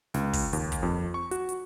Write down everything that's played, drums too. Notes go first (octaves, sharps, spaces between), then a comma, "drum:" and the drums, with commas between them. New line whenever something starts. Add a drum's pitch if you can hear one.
C#2, drum: snare
drum: kick, open hi-hat
D#2, drum: hi-hat
drum: kick, hi-hat
F2
C#6
F#4, drum: hi-hat
drum: hi-hat